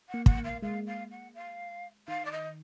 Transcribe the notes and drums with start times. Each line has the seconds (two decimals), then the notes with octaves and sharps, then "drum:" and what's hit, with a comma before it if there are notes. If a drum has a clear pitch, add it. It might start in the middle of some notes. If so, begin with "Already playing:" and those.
0.08 F#5
0.14 A#3
0.26 F#5, drum: kick
0.38 A#3
0.44 F5
0.62 G#3 F5
0.86 F5
1.11 F#5
1.35 F5
2.08 D#3 F5
2.25 D5
2.31 D#5